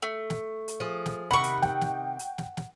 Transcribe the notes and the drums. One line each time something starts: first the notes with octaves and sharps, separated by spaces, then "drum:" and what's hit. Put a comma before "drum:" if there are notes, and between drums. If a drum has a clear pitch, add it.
A3
drum: snare
drum: hi-hat
F3 G#4
drum: snare
C3 D#3 F#5 B5 C#6
drum: hi-hat
G5, drum: snare
drum: snare
drum: hi-hat
drum: snare
drum: snare